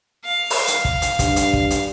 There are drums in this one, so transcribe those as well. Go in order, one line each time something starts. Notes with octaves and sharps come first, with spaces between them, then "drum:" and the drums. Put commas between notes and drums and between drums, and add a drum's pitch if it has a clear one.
F5
drum: open hi-hat
drum: hi-hat
drum: kick
drum: hi-hat
G2, drum: kick, hi-hat
drum: hi-hat
drum: kick
drum: hi-hat